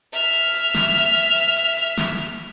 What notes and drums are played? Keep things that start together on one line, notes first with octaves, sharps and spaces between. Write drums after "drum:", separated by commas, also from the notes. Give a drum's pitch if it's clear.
E5 F6, drum: hi-hat
drum: hi-hat
drum: hi-hat
drum: snare
drum: hi-hat
drum: open hi-hat
drum: hi-hat
drum: hi-hat
drum: hi-hat
drum: snare
drum: hi-hat